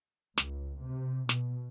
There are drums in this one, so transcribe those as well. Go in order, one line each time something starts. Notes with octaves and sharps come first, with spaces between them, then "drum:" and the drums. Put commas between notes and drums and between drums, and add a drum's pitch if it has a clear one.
C#2, drum: snare
C3
B2, drum: snare